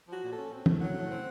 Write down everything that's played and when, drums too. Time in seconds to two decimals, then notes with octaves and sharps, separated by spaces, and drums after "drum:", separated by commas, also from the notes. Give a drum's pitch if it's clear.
0.08 F3 F#4
0.23 A#2
0.32 A4
0.38 C#4
0.52 C4
0.66 A2, drum: tom
0.81 F#3 F#5
0.95 A2
1.10 C4